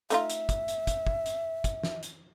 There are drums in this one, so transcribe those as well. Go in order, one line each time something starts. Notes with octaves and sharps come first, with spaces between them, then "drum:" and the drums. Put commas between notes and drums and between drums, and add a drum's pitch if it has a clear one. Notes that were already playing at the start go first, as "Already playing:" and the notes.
A3 D#4 F4 E5, drum: hi-hat
drum: hi-hat
drum: kick, hi-hat
drum: hi-hat
drum: kick, hi-hat
drum: kick
drum: hi-hat
drum: kick, hi-hat
drum: snare
drum: hi-hat